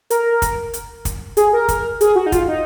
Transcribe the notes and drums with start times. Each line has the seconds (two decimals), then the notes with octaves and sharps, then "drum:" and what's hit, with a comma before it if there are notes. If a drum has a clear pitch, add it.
0.10 A#4, drum: hi-hat
0.42 drum: kick, hi-hat
0.74 drum: hi-hat
1.05 drum: kick, hi-hat
1.37 G#4, drum: hi-hat
1.53 A#4
1.68 drum: kick, hi-hat
2.01 G#4, drum: hi-hat
2.15 F#4
2.26 D#4
2.32 F4, drum: kick, hi-hat
2.48 D#4